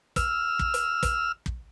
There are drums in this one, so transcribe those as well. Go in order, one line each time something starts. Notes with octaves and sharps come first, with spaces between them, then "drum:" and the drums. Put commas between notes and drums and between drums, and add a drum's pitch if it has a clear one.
E6 F6, drum: kick, hi-hat
drum: kick
drum: hi-hat
drum: kick, hi-hat
drum: kick